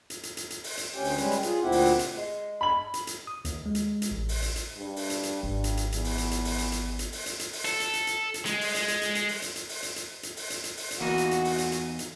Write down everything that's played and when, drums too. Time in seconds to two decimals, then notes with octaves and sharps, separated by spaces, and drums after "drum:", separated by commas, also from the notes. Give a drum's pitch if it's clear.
0.10 drum: hi-hat
0.23 drum: hi-hat
0.37 drum: hi-hat
0.50 drum: hi-hat
0.64 drum: open hi-hat
0.77 drum: hi-hat
0.95 D2 C#4 G4 G5
1.04 drum: open hi-hat
1.18 G3 G#3 C#4 B4, drum: hi-hat
1.32 drum: hi-hat
1.43 F4 G#4, drum: hi-hat
1.63 D2 A#2 C4 E4 G4 F#5
1.72 drum: open hi-hat
1.86 drum: hi-hat
1.99 drum: hi-hat
2.17 G#3
2.61 B5 F#7
2.94 drum: hi-hat
3.07 drum: hi-hat
3.27 D#6
3.45 D#2, drum: hi-hat
3.66 G#3
3.75 drum: hi-hat
4.02 drum: hi-hat
4.11 A1
4.29 drum: open hi-hat
4.42 drum: hi-hat
4.56 drum: hi-hat
4.77 G2
4.96 drum: open hi-hat
5.10 drum: hi-hat
5.23 drum: hi-hat
5.43 G#1 G2
5.64 drum: hi-hat
5.77 drum: hi-hat
5.92 E2, drum: hi-hat
6.04 drum: open hi-hat
6.18 drum: hi-hat
6.31 drum: hi-hat
6.45 drum: open hi-hat
6.58 drum: hi-hat
6.72 drum: hi-hat
6.99 drum: hi-hat
7.12 drum: open hi-hat
7.26 drum: hi-hat
7.39 drum: hi-hat
7.53 drum: open hi-hat
7.65 A4, drum: hi-hat
7.80 drum: hi-hat
7.94 drum: hi-hat
8.07 drum: hi-hat
8.34 drum: hi-hat
8.46 G#3, drum: hi-hat
8.61 drum: open hi-hat
8.75 drum: hi-hat
8.88 drum: hi-hat
9.02 drum: hi-hat
9.15 drum: hi-hat
9.29 drum: open hi-hat
9.42 drum: hi-hat
9.56 drum: hi-hat
9.69 drum: open hi-hat
9.83 drum: hi-hat
9.96 drum: hi-hat
10.23 drum: hi-hat
10.37 drum: open hi-hat
10.50 drum: hi-hat
10.64 drum: hi-hat
10.77 drum: open hi-hat
10.91 drum: hi-hat
11.00 E2 E3 A#3 D#4 F#4
11.18 drum: hi-hat
11.31 drum: hi-hat
11.45 drum: open hi-hat
11.58 drum: hi-hat
11.72 drum: hi-hat
11.99 drum: hi-hat